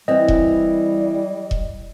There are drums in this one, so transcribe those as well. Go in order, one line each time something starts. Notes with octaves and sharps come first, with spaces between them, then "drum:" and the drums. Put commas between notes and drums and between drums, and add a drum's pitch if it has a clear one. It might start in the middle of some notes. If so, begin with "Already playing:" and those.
E3 G3 C4 D#5
drum: kick E1
drum: kick E1